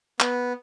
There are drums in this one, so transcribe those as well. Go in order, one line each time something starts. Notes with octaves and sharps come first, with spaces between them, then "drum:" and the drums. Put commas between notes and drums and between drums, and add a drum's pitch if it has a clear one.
B3, drum: clap